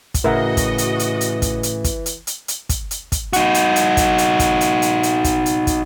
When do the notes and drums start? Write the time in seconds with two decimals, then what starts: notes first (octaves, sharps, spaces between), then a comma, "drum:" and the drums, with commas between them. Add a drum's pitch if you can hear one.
0.14 drum: kick, hi-hat
0.24 A2 C#3 E3 F#4 A#4 D#5 E5 F#5
0.57 drum: kick, hi-hat
0.78 drum: hi-hat
0.99 drum: hi-hat
1.21 drum: hi-hat
1.42 drum: kick, hi-hat
1.63 drum: hi-hat
1.84 drum: kick, hi-hat
2.06 drum: hi-hat
2.27 drum: hi-hat
2.48 drum: hi-hat
2.69 drum: kick, hi-hat
2.91 drum: hi-hat
3.12 drum: kick, hi-hat
3.33 D#4 F#4, drum: hi-hat
3.54 drum: hi-hat
3.76 drum: hi-hat
3.97 drum: kick, hi-hat
4.18 drum: hi-hat
4.39 drum: kick, hi-hat
4.61 drum: hi-hat
4.82 drum: hi-hat
5.03 drum: hi-hat
5.24 drum: kick, hi-hat
5.46 drum: hi-hat
5.67 drum: kick, hi-hat